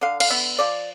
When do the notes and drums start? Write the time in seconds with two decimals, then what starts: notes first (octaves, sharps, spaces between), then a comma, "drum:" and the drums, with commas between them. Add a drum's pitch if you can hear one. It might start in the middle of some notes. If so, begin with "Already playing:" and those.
0.01 D3 F5
0.20 F5, drum: cymbal
0.30 B3 E5
0.59 F3 D5